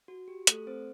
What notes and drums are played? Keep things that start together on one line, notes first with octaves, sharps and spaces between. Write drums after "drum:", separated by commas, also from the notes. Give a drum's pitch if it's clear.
F#4
G4
A3 A4, drum: hi-hat
C4 C5